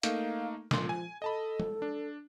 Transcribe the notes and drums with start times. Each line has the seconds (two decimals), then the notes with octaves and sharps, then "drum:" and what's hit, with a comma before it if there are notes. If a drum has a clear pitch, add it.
0.03 A3 A#3 D#4 F5, drum: hi-hat
0.71 A#2 F3 C6, drum: snare
0.89 G#5
1.22 A4 D#5 A5 B5
1.60 drum: tom F#3
1.82 D4